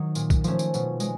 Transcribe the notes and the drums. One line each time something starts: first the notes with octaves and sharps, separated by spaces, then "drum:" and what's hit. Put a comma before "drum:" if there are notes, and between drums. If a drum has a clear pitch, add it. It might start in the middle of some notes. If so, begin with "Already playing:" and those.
Already playing: D#3 F#3 D#4
A#2, drum: tambourine
drum: kick B1, tambourine
F3 A3 C#4, drum: tambourine
drum: tambourine
B2, drum: tambourine
G#3, drum: tambourine